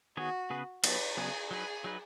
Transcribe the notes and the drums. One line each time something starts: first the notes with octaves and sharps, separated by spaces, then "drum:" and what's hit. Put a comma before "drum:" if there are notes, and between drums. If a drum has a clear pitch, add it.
D#3 B3 F#4 G#4 C#5
C#3 B3 G#4 B4
F#3 B3 D#4 B4, drum: cymbal
C#3 F#3 B3 G#4
F#3 D#4 G#4 B4
F#3 D#4 B4